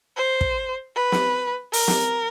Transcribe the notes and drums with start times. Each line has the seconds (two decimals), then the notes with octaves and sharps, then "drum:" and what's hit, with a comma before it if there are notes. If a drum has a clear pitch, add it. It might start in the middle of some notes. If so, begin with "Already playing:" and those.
0.17 C5
0.41 drum: kick
0.95 B4
1.12 drum: snare
1.73 A#4, drum: open hi-hat
1.88 drum: snare